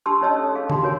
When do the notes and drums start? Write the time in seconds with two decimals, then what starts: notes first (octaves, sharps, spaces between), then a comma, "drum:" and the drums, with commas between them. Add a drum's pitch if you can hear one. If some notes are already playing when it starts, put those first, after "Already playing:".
0.06 D4 G4 A5 C6 C#6 E6
0.21 C#4 D#4 C#5 D#5 A5 E6
0.36 C#4 A4
0.55 G#4 F5
0.70 D4 D#4 G4 C6, drum: tom D3
0.82 F#4 A#4 C#5 G#5